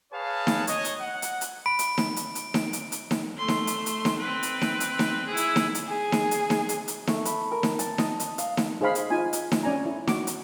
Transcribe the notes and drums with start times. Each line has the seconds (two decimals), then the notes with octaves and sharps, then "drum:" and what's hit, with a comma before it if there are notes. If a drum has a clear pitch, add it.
0.12 G#4 B4 C#5 F5 A5
0.47 drum: snare D#4
0.67 C#5 D#5, drum: hi-hat
0.84 drum: hi-hat
1.00 F#5
1.22 drum: hi-hat
1.41 drum: hi-hat
1.66 B5 D7
1.79 drum: hi-hat
1.98 drum: snare D#4
2.16 drum: hi-hat
2.35 drum: hi-hat
2.54 drum: snare D#4
2.73 drum: hi-hat
2.92 drum: hi-hat
3.11 drum: snare D#4
3.37 A3 C6
3.48 drum: snare D#4
3.67 drum: hi-hat
3.86 drum: hi-hat
4.05 drum: snare D#4
4.19 C4 B4
4.43 drum: hi-hat
4.61 drum: snare D#4
4.80 drum: hi-hat
4.99 drum: snare D#4
5.27 E4 G#4
5.37 drum: hi-hat
5.56 drum: snare D#4
5.75 drum: hi-hat
5.88 G#4
6.12 drum: snare D#4
6.31 drum: hi-hat
6.50 drum: snare D#4
6.69 drum: hi-hat
6.88 drum: hi-hat
7.07 A3, drum: snare D#4
7.25 B5, drum: hi-hat
7.51 A#4
7.63 drum: snare D#4
7.79 A5, drum: hi-hat
7.98 D#5, drum: snare D#4
8.20 drum: hi-hat
8.38 F5, drum: hi-hat
8.57 drum: snare D#4
8.81 D#4 G#4 C5 F5 B5
8.95 drum: hi-hat
9.10 D#4 F4 G#5
9.33 drum: hi-hat
9.52 drum: snare D#4
9.63 C#4 D5 G#5 A#5
9.86 E4
10.07 F#4 D6, drum: snare D#4
10.27 drum: hi-hat